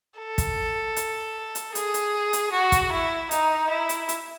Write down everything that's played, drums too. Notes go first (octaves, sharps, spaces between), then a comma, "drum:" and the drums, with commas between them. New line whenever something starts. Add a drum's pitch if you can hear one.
A4
drum: kick, hi-hat
drum: hi-hat
drum: hi-hat
G#4, drum: hi-hat
drum: hi-hat
drum: hi-hat
F#4
drum: kick, hi-hat
E4
D#4, drum: hi-hat
E4
drum: hi-hat
drum: hi-hat